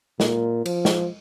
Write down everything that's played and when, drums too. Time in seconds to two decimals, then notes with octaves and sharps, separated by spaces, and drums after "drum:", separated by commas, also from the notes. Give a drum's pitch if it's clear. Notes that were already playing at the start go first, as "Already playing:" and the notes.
0.20 A#2, drum: snare
0.66 F3, drum: cymbal
0.85 drum: snare